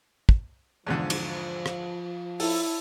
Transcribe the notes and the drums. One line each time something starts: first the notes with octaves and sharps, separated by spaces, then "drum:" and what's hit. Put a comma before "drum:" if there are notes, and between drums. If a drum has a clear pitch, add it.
drum: kick
E2 G#2 D3 F3
drum: cymbal
drum: rim click
E4 A4, drum: open hi-hat